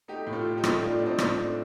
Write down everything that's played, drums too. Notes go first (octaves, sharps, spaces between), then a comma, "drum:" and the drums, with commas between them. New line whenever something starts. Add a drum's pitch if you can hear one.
A3 D#4 G4
A2
F4 A4
A2
D#4 G4
A3, drum: rim click
A3 D4 F4
A2 D4
C4 D#4
A2, drum: rim click
D4
A3